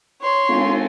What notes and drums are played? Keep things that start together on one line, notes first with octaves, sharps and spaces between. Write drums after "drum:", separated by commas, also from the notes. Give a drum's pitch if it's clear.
C#5 C6
drum: cymbal